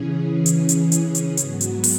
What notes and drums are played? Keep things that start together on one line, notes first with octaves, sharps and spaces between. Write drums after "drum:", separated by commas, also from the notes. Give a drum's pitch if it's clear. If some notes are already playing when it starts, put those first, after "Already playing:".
Already playing: C#3 E3 C#4 G#4
drum: hi-hat
drum: hi-hat
drum: hi-hat
drum: hi-hat
G#2 F#3 B3 F#4, drum: hi-hat
drum: hi-hat
drum: open hi-hat